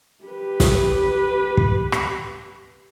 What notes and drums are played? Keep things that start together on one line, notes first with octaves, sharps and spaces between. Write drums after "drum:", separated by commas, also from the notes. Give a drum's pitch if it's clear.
G4 B4
drum: snare
drum: kick
drum: rim click